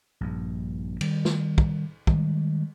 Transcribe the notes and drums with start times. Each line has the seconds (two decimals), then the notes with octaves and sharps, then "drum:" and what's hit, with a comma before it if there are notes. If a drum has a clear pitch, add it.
0.21 A#1 G2
1.01 D#3 G3, drum: cymbal
1.25 drum: snare
1.58 drum: kick
2.07 D#3 G3 G#3, drum: kick